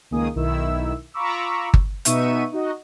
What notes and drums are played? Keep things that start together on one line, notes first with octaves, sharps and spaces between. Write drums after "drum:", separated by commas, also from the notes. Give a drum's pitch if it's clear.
C#2 D#3 A#3 G#4 D#6
B1 D#3 E4 E6
F4 A#5 B5 C#6 D6 E6
drum: kick G1
B2 B3 D#4 E5 C#6 D#7, drum: hi-hat
D#4 F#4 D#5